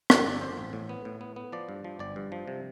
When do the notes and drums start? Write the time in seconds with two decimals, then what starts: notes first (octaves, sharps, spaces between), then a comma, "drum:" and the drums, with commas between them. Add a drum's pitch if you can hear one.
0.10 G1 E5, drum: rim click
0.26 G1 D5
0.41 F2 C5
0.58 A1
0.73 A2
0.89 B3
1.05 A2
1.21 B3
1.36 B3
1.52 F3 D5
1.69 G2
1.84 F3
1.99 G1 D5
2.16 G2
2.32 F3
2.48 C3